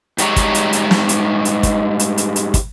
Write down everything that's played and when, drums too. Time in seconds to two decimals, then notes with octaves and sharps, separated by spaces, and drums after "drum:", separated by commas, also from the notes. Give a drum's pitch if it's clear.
0.18 G#2 G3 C#5 A#5, drum: hi-hat
0.36 drum: kick, hi-hat
0.55 drum: hi-hat
0.73 drum: hi-hat
0.91 drum: snare
1.09 drum: hi-hat
1.45 drum: hi-hat
1.63 drum: kick, hi-hat
1.99 drum: hi-hat
2.18 drum: hi-hat
2.36 drum: hi-hat
2.54 drum: kick, hi-hat